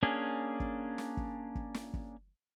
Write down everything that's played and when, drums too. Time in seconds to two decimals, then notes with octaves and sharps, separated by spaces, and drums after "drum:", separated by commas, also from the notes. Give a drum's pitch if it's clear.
0.03 A#3 C#4 D4 G#4
0.60 drum: kick
0.98 drum: snare
1.17 drum: kick
1.55 drum: kick
1.74 drum: snare
1.94 drum: kick